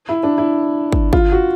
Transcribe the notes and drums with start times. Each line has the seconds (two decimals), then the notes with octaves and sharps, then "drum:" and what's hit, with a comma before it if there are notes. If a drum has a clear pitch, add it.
0.09 E4
0.23 D4
0.38 E4
0.92 drum: kick
1.13 F4, drum: kick
1.32 F#4